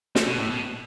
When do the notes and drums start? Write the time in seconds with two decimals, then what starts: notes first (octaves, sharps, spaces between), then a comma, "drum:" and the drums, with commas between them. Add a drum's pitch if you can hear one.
0.15 A3, drum: snare
0.27 B2
0.38 A2
0.50 B2